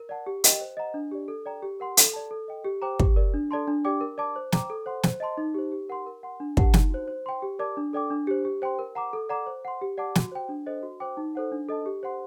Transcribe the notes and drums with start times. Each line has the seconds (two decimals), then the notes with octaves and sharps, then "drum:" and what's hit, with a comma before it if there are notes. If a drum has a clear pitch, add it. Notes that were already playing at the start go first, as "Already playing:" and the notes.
Already playing: A#4
0.09 D5 F#5 A5
0.27 G4
0.44 A#4 D#5 G5, drum: hi-hat
0.61 C5
0.77 D#5 F#5 A#5
0.94 D4
1.11 G4 D5
1.28 A4
1.46 D5 G5 A#5
1.63 G4
1.80 A#4 F#5 C6
1.97 A4, drum: hi-hat
2.13 D5 A5
2.31 A4
2.48 D#5 G5
2.64 G4
2.82 C5 G5 A#5 D6
3.00 G4, drum: kick
3.16 A#4 D5
3.34 D4
3.51 A4 D5 A5 C6
3.68 D4
3.85 G4 D5 G5 D6
4.01 A#4
4.18 D5 A5 D6
4.36 C5
4.52 G5 A#5 D6, drum: snare
4.70 A4
4.86 C5 F#5 C6
5.03 C5, drum: snare
5.20 D#5 A5 C6
5.37 D#4
5.54 G4 C5
5.72 G4
5.89 A#4 F#5 C6
6.06 A#4
6.23 F#5 C6
6.40 D4
6.57 G4 A#4 F#5 A5, drum: kick
6.74 D#4, drum: snare
6.91 F#4 C5
7.08 C5
7.26 G5 C6
7.42 G4
7.59 A#4 D5 A5 D6
7.77 D4
7.93 A4 D5 G5 D6
8.11 D4
8.27 G4 C5
8.45 G4
8.62 C5 G5 C6
8.79 A#4
8.95 F#5 A#5 D6
9.13 A4
9.29 D5 F#5 A#5 D6
9.46 C5
9.65 F#5 C6
9.82 G4
9.98 D5 F#5 A5 D6
10.15 F#4, drum: snare
10.32 C5 G5
10.49 D4
10.66 A4 C5 D#5
10.83 F#4
11.00 C5 G5 D6
11.17 D#4
11.35 A4 C5 F#5
11.52 D4
11.69 A4 D#5 A5
11.86 G4
12.03 C5 F#5 C6